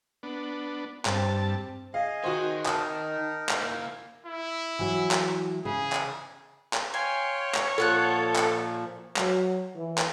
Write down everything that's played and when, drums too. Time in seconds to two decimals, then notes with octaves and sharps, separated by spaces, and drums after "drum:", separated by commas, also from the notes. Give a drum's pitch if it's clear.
0.23 B3 D4
1.05 G2 C4 A5, drum: clap
1.94 G#4 D#5 F5
2.24 D#3 D#4 F#4 C5
2.66 D#4 A#4 A5 D#6, drum: clap
3.49 drum: clap
3.61 A#3 E4
4.26 E4
4.79 E3 F#3
5.11 drum: clap
5.65 C#3 G#4
5.92 drum: clap
6.73 drum: clap
6.94 C#5 F5 G5 G#5 C6
7.54 drum: clap
7.78 A#2 F3 F4 A4 F#5 F#6
8.36 drum: clap
9.16 F#3, drum: clap
9.75 E3
9.98 drum: clap